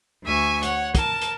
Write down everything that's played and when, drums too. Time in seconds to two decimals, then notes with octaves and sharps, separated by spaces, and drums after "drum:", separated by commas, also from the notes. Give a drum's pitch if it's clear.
0.24 D2 E5 G#5 C#6
0.63 C#5 F#5, drum: hi-hat
0.95 A#4 A5, drum: kick, hi-hat
1.22 drum: hi-hat